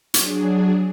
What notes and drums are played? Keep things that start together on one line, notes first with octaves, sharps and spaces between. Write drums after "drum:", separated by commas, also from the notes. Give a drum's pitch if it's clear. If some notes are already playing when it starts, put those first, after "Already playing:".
F#3 D4 G#4, drum: hi-hat